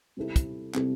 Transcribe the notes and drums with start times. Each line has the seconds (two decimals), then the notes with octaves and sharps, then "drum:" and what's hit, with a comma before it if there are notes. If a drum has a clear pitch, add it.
0.17 C3 G3 C4 E4 A4
0.36 drum: kick, hi-hat
0.74 C3 G3 C4 E4 A4, drum: clap